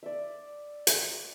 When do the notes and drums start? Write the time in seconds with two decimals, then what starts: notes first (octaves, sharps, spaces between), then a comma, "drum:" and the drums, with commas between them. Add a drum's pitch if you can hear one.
0.03 D5 E5
0.87 drum: hi-hat